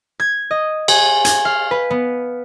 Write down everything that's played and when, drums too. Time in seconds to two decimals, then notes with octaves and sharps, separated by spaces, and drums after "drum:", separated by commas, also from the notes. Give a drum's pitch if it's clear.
0.20 G#6
0.51 D#5
0.88 G#5, drum: cymbal
1.25 G#6, drum: hi-hat
1.45 F5
1.71 B4
1.90 B3